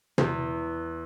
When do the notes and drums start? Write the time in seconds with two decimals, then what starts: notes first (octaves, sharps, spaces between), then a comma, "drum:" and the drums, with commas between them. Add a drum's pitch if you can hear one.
0.18 E2, drum: tom